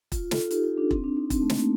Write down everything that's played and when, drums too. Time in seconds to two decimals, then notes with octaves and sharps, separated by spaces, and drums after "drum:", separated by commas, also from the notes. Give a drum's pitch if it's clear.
0.12 F4, drum: kick E1, hi-hat
0.31 F4 A4, drum: snare
0.51 D#4 G4, drum: hi-hat
0.64 F4
0.78 D4
0.91 C4, drum: kick E1
1.04 D4
1.17 D#4
1.30 C4, drum: kick E1, hi-hat
1.42 A3
1.50 A#3, drum: snare